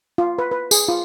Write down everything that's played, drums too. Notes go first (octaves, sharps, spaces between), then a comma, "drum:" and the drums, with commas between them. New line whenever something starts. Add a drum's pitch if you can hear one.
F4
B4
B4
G#4, drum: tambourine
F4